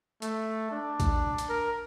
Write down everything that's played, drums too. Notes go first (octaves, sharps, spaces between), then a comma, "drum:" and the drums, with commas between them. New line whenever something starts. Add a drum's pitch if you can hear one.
A3, drum: hi-hat
D4
drum: kick A#1, hi-hat
drum: hi-hat
A#4